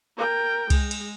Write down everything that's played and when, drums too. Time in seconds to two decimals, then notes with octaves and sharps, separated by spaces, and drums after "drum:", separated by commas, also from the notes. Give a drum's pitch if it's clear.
0.17 A#4 G5
0.70 G#3, drum: kick C2, cymbal
0.91 drum: cymbal